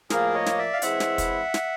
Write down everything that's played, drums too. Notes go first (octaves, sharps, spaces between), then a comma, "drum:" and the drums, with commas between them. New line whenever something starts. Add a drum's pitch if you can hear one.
A2 F3 A#3 G#4 A#4, drum: snare
C#5 D#5
drum: snare
D5 E5
F5
E3 G#3 C4 E4 E5 F#5, drum: hi-hat
drum: snare
drum: kick, hi-hat
drum: snare